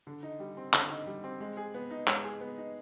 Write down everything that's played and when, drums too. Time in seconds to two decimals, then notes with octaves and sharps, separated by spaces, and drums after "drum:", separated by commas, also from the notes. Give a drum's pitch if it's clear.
0.07 D3
0.23 D#4
0.40 G3
0.57 C4
0.73 D3, drum: clap
0.90 D#4
1.07 G3
1.24 C4
1.41 G#3
1.57 G#4
1.74 B3
1.91 D#4
2.07 G#3, drum: clap
2.24 G#4
2.41 B3
2.58 D#4